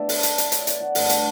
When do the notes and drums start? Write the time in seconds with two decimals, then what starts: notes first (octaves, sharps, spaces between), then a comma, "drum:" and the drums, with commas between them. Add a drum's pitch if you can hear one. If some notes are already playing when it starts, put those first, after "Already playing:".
Already playing: B2 A3 D4 D5 E5
0.09 A5, drum: open hi-hat
0.23 drum: hi-hat
0.38 D5, drum: hi-hat
0.52 C#5, drum: hi-hat
0.67 D5, drum: hi-hat
0.80 F#5
0.95 G2 D3 A3 D4 A5, drum: open hi-hat
1.10 C#6, drum: hi-hat